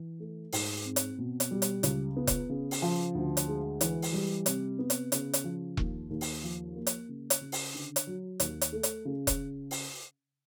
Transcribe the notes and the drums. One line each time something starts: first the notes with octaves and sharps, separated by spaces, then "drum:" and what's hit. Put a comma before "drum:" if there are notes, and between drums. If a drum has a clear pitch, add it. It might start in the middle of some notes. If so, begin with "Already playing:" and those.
Already playing: E3
A3
G#2, drum: open hi-hat
C4
drum: hi-hat
B2
drum: hi-hat
G3
drum: hi-hat
C#2, drum: hi-hat
B3
drum: kick E1, hi-hat
C#3
drum: open hi-hat
F3
D2
drum: hi-hat
G#3
E3, drum: hi-hat
drum: open hi-hat
G3
C3, drum: hi-hat
B3
drum: hi-hat
C#3, drum: hi-hat
drum: hi-hat
F3
D#2, drum: kick E1
D#2
drum: open hi-hat
F3
A#3
drum: hi-hat
C#3
drum: hi-hat
C#3
drum: open hi-hat
D3
drum: hi-hat
F#3
D#2, drum: hi-hat
drum: hi-hat
A3
drum: hi-hat
C#3
drum: kick E1, hi-hat
drum: open hi-hat